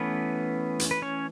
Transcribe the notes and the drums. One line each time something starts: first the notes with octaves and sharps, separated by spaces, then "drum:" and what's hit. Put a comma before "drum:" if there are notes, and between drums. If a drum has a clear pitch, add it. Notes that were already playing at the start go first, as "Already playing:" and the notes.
Already playing: E3 A3 B3 C#4 B4
drum: hi-hat
B4
C#4 C#5